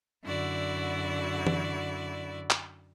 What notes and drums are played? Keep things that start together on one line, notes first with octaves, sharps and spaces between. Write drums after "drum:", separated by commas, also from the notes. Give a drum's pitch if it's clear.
F#2 D3 E4 F#4 D5
drum: tom E3
drum: clap